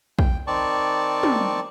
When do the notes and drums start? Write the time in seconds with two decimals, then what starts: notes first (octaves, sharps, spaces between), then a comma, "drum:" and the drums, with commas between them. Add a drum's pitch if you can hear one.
0.19 G5, drum: kick
0.47 D#3 C4 D5 A5 C#6
1.23 drum: tom